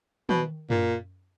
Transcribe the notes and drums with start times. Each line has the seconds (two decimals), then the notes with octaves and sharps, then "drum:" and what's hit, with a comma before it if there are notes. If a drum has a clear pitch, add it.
0.29 B2, drum: tom
0.70 A#2, drum: tom F#2